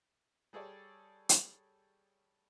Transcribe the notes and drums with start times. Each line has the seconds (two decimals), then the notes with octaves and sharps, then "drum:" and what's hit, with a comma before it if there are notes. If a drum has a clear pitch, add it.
0.53 G3 G#4 A4 C#5 D5
1.29 drum: hi-hat